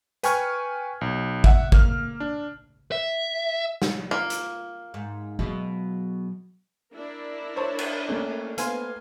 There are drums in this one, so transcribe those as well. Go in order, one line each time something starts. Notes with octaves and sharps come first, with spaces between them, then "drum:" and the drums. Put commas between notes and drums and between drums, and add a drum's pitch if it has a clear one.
B4 G5 G#5 C#6 F6 G#6, drum: hi-hat
B1
E5 F#5, drum: kick G#1
A#3 F6, drum: kick G#1
D4
E5
drum: snare
A#3 F4
drum: hi-hat
G#2
B2 F#3 G#3 E4
D4 E4 A#4
C5 C#5 A5
drum: cymbal
A3 A#3 C#4
B3 B4 C5 F5 G#5 C6, drum: hi-hat